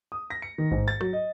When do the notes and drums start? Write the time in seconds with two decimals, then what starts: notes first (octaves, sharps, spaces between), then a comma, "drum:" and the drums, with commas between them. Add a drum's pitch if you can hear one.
0.12 D#6
0.30 A#6
0.42 C#7
0.58 D#3
0.71 G#2, drum: kick A1
0.88 A6
1.01 F#3, drum: rim click
1.13 D#5